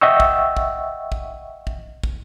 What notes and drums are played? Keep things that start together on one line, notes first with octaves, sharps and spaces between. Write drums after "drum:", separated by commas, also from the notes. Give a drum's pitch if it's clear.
D#5 E5 F#5 G5 C#6 E6
drum: kick
drum: kick
drum: kick
drum: kick
drum: kick